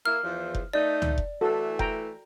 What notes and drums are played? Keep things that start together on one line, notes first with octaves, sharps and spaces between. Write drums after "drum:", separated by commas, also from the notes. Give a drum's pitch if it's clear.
A#3 E4 F6
E2 F3
drum: kick F1
A3 D#4 D5
drum: tom C#2
drum: kick F1
E3 A3 F#4 A4
G5 A#5, drum: kick F1